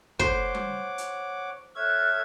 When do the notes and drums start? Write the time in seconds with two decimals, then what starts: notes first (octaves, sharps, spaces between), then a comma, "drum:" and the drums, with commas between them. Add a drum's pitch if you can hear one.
0.19 C5 C#5 F#5 D6, drum: kick
0.55 drum: tom G3
0.98 drum: hi-hat
1.76 A4 C#5 E5 F6 F#6 G#6